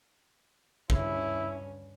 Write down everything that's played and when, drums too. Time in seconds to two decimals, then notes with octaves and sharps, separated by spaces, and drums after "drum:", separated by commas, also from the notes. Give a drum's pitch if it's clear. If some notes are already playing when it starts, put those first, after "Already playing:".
0.90 G2 C#4 E4, drum: kick